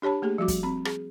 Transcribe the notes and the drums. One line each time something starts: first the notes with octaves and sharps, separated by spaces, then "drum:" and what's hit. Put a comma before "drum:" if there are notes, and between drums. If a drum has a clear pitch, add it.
D4 G4 C#5 A5 B5
A3 A#3 G4 G#4
F3 G3 F#4 D6
drum: kick, hi-hat
C4 B5
G#4, drum: rim click